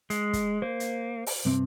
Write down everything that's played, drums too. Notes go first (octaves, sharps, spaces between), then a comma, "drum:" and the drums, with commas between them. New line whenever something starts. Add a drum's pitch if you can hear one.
G#3, drum: hi-hat
drum: kick, hi-hat
A#3 C5
drum: hi-hat
drum: open hi-hat
G2 C3 C4